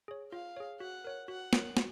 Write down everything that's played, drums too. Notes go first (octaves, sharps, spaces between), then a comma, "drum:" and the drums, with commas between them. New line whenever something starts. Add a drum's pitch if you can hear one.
G#4 C#5
F4 F5
G#4 C#5
F#4 F#5
A#4 C#5
F#4 F#5
A#4 C#5, drum: snare
F#4, drum: snare